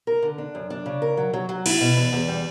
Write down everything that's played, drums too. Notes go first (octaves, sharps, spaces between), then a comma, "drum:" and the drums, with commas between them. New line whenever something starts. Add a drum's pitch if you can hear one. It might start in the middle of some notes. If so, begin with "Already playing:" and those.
A#4
D3
D4
F#2
D4
C#3
A#4
F#3
F#3
F#3
E4, drum: cymbal
B2
E2
E2
G3